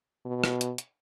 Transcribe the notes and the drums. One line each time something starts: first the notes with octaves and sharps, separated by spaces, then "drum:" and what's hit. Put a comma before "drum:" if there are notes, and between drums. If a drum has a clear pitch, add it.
B2
drum: rim click
drum: hi-hat
drum: hi-hat